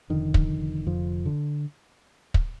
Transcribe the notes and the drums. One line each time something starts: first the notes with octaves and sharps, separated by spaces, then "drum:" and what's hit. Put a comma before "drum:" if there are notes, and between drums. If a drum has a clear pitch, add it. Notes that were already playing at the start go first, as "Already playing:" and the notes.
F1 F2 D3 D#3
drum: kick
F2 F3
D3
drum: kick